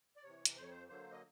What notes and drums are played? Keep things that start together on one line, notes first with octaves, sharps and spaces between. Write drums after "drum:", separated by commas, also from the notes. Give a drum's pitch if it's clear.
D5
C3 E3 C#5
drum: hi-hat
F2 C5
C#5
C5
D3 F#3 A#3 C5
D#5